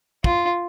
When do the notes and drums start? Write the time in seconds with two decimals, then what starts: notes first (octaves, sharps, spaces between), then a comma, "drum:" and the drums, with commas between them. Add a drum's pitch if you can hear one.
0.24 F4, drum: kick